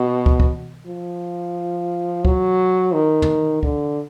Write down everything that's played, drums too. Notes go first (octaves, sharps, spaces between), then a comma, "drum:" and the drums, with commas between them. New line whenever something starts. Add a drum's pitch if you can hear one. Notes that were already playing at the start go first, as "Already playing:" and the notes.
Already playing: B2
drum: kick
drum: kick
F3
F#3, drum: kick
D#3
drum: tom
D3, drum: kick